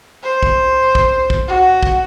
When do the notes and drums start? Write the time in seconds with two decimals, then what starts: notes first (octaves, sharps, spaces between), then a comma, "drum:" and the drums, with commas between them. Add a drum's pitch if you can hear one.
0.23 C5
0.43 drum: kick
0.95 drum: kick
1.30 drum: kick
1.48 F#4
1.83 drum: kick